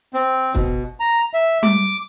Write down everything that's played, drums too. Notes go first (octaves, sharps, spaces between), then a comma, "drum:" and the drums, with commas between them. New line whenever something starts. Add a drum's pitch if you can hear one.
C4
B2, drum: kick
A#5
E5
D6, drum: tom G3